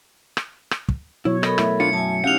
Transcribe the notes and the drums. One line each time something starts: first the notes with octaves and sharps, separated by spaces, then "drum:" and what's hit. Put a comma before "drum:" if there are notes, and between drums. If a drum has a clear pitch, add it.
drum: rim click
drum: rim click
drum: kick
B2 F#3 E4 C#5
A4 A#4 D#5 B5, drum: rim click
A3 E4 E5, drum: rim click
D4 F4 C#7
F#2 G#5 A5
C#4 D#4 E4 G4 F5 F#5 C#7 F7